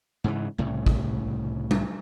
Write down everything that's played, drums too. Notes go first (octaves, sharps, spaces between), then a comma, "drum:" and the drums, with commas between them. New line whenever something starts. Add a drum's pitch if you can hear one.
G#2 C#3 E3
C2 A2 C#3
drum: kick
drum: tom G3